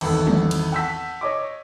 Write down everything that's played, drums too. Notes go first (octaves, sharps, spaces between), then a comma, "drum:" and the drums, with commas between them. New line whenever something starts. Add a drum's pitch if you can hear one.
G#1 E2 B3 A4, drum: cymbal
drum: tom
drum: cymbal
F#5 A5 E6 G6 B6
C#5 D#5 D6